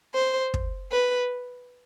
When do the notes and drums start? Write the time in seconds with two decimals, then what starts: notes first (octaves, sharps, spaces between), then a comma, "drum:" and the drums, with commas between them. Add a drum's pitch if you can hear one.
0.14 C5
0.54 drum: kick
0.92 B4